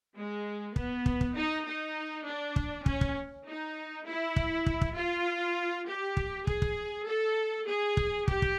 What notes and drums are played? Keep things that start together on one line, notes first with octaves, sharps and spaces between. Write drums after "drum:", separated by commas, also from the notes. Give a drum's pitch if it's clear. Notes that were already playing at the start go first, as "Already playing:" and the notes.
G#3
B3, drum: kick
drum: kick
drum: kick
D#4
D#4
D4
drum: kick
C#4, drum: kick
drum: kick
D#4
E4
drum: kick
drum: kick
drum: kick
F4
G4
drum: kick
G#4, drum: kick
drum: kick
A4
G#4
drum: kick
G4, drum: kick
drum: kick